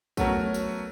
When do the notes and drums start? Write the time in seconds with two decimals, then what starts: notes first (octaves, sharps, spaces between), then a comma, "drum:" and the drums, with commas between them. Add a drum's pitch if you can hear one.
0.17 F#3 A3 B3 C#4 F#4 A#4, drum: kick, tambourine
0.54 drum: tambourine